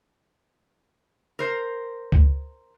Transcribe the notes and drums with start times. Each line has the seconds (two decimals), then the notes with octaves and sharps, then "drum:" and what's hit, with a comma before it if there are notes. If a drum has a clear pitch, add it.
1.39 A#4 C5
2.12 drum: kick C#2